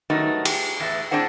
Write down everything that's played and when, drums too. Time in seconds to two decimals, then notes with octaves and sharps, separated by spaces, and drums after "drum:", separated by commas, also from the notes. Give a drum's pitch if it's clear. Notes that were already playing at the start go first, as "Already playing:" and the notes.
0.10 D#3 F#3 G3 A3 B3 D#4
0.45 G4, drum: cymbal
0.79 E2 A2 A3 B4 E5
1.11 A2 C4 D4 G#4 C5 F#5